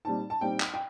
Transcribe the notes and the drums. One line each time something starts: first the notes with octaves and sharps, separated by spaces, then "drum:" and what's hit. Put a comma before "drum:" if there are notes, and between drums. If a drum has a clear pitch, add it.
A#2 G3 C4 D#4 A5
A5
A#2 G3 C4 D#4 G5
drum: clap
G5